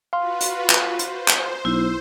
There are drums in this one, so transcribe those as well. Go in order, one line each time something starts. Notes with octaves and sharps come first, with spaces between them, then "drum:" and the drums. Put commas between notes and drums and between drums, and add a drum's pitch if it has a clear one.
F4 F#4 B4 F5 C6
drum: hi-hat
drum: clap
C5
drum: hi-hat
drum: clap
B1 E4